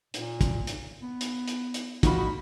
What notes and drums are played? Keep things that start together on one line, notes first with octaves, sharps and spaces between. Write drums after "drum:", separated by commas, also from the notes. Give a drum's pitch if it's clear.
A#2, drum: hi-hat
drum: kick, hi-hat
drum: hi-hat
B3
drum: hi-hat
drum: hi-hat
drum: hi-hat
D#4 F4 F#4 B5, drum: kick, hi-hat